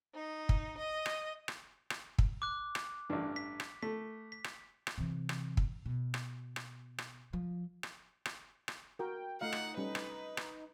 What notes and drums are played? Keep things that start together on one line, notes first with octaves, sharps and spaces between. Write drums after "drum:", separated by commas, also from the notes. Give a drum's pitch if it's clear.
D#4
drum: kick
D#5
drum: rim click
drum: rim click
drum: rim click
drum: kick
D6 F#6
drum: rim click
A1 G2
B6
drum: rim click
A3 B6
B6
drum: rim click
drum: rim click
C3 E3
drum: rim click
drum: kick
B2
drum: rim click
drum: rim click
drum: rim click
F3
drum: rim click
drum: rim click
drum: rim click
F#4 A#4 G5
A3 D#4 F4 F5 F#5
drum: rim click
G3 C#4 A4 B4
drum: rim click
drum: rim click